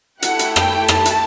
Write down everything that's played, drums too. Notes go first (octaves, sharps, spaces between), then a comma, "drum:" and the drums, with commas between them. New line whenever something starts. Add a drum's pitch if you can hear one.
A3 E4 G4 F#5, drum: hi-hat
drum: hi-hat
G5, drum: rim click
A5, drum: rim click
drum: hi-hat